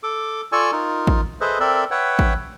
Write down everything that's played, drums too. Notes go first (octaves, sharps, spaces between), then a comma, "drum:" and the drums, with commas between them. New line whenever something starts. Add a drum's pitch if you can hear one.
A4 D6
F4 A4 D5 G#5 C#6 E6
D#4 F4 A#4
drum: kick A1
G#4 A4 B4 C5 D#5 E5
C4 A4 A#4 D5 E5
B4 C#5 E5 F#5 G5
drum: kick A1